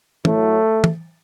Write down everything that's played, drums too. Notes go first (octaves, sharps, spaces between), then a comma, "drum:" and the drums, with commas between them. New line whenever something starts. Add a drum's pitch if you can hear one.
A2 F#3 A3, drum: tom
drum: tom